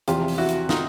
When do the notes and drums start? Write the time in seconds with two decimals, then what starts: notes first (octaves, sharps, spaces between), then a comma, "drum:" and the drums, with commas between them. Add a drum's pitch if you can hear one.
0.08 E2 C3 F3 F4 G4, drum: hi-hat
0.28 drum: open hi-hat
0.38 E4 F#4
0.49 drum: hi-hat
0.69 D#4 F4, drum: snare